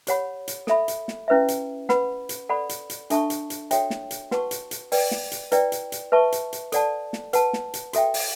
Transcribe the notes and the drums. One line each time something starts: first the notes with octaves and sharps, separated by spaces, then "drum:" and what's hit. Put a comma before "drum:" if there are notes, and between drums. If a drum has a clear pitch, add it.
G4 C#5 F#5 B5, drum: hi-hat
drum: hi-hat
A4 E5 B5, drum: snare
drum: hi-hat
drum: snare
C#4 E4 B4 E5
drum: hi-hat
B4 F#5 B5, drum: snare
drum: hi-hat
A4 D5 F#5 B5
drum: hi-hat
drum: hi-hat
D4 A4 E5 A5 C#6, drum: hi-hat
drum: hi-hat
drum: hi-hat
F#4 A4 C#5 E5 G5, drum: hi-hat
drum: snare
drum: hi-hat
F#4 B4 F#5 A5 C#6, drum: snare
drum: hi-hat
drum: hi-hat
B4 D5 G5, drum: open hi-hat
drum: snare
drum: hi-hat
E4 B4 D5 G5, drum: hi-hat
drum: hi-hat
drum: hi-hat
B4 E5 A5 C#6
drum: hi-hat
drum: hi-hat
A4 D5 F#5 A5, drum: hi-hat
drum: snare
B4 F#5 A5, drum: hi-hat
drum: snare
drum: hi-hat
F#4 A4 E5 G5, drum: hi-hat
drum: open hi-hat